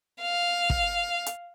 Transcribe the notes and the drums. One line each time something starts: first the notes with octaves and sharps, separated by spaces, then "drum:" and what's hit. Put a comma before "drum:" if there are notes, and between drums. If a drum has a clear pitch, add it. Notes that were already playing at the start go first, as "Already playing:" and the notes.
F5
drum: kick
drum: hi-hat